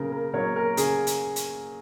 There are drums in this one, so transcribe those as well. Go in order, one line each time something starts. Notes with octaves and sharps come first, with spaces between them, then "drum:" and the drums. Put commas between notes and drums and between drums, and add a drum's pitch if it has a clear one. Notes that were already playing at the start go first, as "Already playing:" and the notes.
Already playing: C#3 F#3 A#3 A#4
A#4
F#3 A#3 A#4 C#5
A#4
C#3 G#4, drum: hi-hat
drum: hi-hat
drum: hi-hat